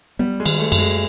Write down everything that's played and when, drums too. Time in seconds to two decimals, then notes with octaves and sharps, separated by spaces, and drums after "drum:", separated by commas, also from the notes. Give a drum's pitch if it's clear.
0.19 G3 B3
0.40 G#3
0.46 D#3, drum: cymbal
0.59 A3
0.72 F#2, drum: cymbal
0.78 G#3